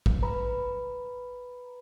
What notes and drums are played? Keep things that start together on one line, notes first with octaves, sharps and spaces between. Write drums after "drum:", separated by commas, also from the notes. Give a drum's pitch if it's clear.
drum: kick
B4 A#5 B5